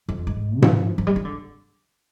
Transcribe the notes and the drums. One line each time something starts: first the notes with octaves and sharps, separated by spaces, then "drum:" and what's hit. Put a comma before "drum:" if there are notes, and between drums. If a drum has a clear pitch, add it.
F2
G#2
F3, drum: tom G#2
F3
G3
F3
D3